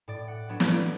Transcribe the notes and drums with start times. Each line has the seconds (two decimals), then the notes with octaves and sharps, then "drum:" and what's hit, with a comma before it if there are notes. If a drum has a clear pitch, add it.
0.08 A2 D5
0.28 F#5
0.49 F#3 B3 D4
0.60 drum: snare
0.70 D5